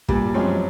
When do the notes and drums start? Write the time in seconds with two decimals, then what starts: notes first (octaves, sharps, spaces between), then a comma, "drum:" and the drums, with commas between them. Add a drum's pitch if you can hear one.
0.09 G2 A#2 G3, drum: kick
0.27 G3
0.34 F#2 F3 F#3 G#3 C4